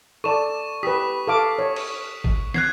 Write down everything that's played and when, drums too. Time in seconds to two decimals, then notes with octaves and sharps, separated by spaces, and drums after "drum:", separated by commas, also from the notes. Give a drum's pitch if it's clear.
0.24 A4 D5 A5 C#6 E7
0.83 G4 B4 D#6 B6
1.27 A4 F5 D6
1.59 C#5
1.76 drum: cymbal
2.24 drum: kick
2.54 F#6 G#6 C7, drum: snare